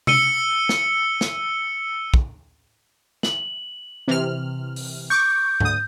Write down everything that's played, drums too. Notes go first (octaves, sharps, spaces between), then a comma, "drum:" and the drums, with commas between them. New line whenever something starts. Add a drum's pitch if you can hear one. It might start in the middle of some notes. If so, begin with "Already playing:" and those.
E6 C#7 D#7 G7, drum: tom C3
drum: snare
drum: snare
drum: kick
F#7, drum: snare
C3 E3 F6
drum: open hi-hat
C#6 D6 G6
D2 D#6, drum: tom G#2